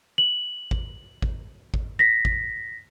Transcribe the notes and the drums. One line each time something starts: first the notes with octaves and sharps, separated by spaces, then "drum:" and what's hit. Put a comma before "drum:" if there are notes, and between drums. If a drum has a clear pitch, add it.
F#7
drum: kick G#1
drum: kick G#1
drum: kick G#1
A#6 B6
drum: kick G#1